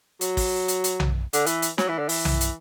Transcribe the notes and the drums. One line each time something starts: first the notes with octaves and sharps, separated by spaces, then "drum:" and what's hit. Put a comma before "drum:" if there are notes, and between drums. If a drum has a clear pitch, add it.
F#3, drum: hi-hat
drum: kick, open hi-hat
drum: hi-hat
drum: hi-hat
drum: tom B1
D3, drum: hi-hat
E3, drum: hi-hat
drum: hi-hat
F#3, drum: snare
E3
D3
E3, drum: open hi-hat
drum: tom B1
drum: hi-hat